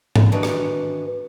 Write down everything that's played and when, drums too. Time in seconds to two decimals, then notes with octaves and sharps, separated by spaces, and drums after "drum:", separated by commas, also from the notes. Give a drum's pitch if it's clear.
0.16 drum: tom G#2
0.32 D#3 E3 D4 F#4 B4
0.43 drum: rim click